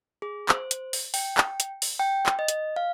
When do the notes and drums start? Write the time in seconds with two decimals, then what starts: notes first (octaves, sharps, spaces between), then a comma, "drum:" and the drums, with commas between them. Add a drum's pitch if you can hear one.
0.22 G#4
0.49 C5, drum: clap
0.71 drum: hi-hat
0.93 drum: open hi-hat
1.14 G5, drum: open hi-hat
1.38 drum: clap
1.60 drum: hi-hat
1.82 drum: open hi-hat
1.99 G5
2.26 drum: clap
2.39 D#5
2.48 drum: hi-hat
2.76 F5